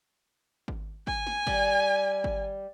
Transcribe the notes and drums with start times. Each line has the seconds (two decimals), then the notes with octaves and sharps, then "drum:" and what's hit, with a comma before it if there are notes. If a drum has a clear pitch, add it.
0.68 drum: kick G#1
1.07 G#5, drum: kick G#1
1.27 drum: snare
1.47 G3, drum: kick G#1
2.24 drum: kick G#1